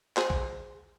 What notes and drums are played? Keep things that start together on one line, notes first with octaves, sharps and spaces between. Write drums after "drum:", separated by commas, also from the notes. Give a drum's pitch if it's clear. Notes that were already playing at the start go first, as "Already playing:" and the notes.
G#4 C5, drum: clap
drum: kick A#1